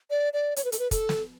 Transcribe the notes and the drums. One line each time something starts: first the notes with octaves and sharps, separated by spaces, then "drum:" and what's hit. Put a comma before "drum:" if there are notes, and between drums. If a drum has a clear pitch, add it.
D5
D5
C#5, drum: hi-hat
B4
A4, drum: hi-hat
B4
A4, drum: kick, hi-hat
drum: snare